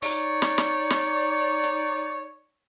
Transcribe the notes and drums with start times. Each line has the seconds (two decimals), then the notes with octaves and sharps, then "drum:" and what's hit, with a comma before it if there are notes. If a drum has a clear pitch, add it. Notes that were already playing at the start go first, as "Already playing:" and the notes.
0.02 D#4 C#5 D5, drum: open hi-hat
0.42 drum: snare
0.58 drum: snare
0.90 drum: snare
1.64 drum: hi-hat